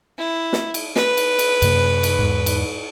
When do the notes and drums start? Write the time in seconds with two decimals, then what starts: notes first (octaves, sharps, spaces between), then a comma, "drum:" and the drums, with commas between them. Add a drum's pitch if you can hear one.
0.18 E4
0.53 drum: snare
0.74 drum: cymbal
0.96 B4, drum: snare
1.17 drum: cymbal
1.39 drum: cymbal
1.62 F#2 C3 A#3, drum: cymbal
2.03 drum: cymbal
2.19 E2 G#2
2.46 drum: cymbal